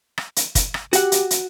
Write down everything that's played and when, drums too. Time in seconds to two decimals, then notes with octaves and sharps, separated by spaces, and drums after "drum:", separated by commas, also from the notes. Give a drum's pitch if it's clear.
0.18 drum: rim click
0.36 drum: hi-hat
0.55 drum: kick, hi-hat
0.74 drum: rim click
0.93 F#4 G4 F#5, drum: hi-hat
1.12 drum: hi-hat
1.31 drum: hi-hat